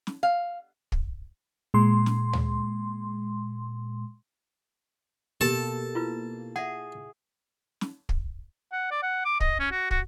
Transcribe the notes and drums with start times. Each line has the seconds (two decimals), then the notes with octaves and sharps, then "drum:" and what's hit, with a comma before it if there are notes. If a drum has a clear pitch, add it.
0.07 drum: snare
0.23 F5
0.92 drum: kick
1.74 A#2 G#3 C6
2.06 drum: snare
2.33 drum: tom D2
5.41 B2 A#3 G4 A4 A5
5.95 E4 F4 B4
6.56 G#4 E5 F#5
7.81 drum: snare
8.09 drum: kick
8.72 F#5
8.91 D5
9.02 F#5
9.25 D6
9.40 D#5, drum: kick
9.59 C#4
9.71 F#4
9.91 F#4, drum: kick